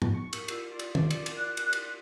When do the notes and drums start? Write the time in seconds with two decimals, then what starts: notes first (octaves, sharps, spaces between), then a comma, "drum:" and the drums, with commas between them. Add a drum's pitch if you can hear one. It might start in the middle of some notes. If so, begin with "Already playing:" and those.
0.02 drum: tom
0.13 C#6
0.33 drum: cymbal
0.48 F4 D5 E6, drum: cymbal
0.70 F4 D5
0.79 drum: cymbal
0.95 drum: tom
1.11 drum: cymbal
1.26 drum: cymbal
1.38 F#6
1.57 drum: cymbal
1.73 drum: cymbal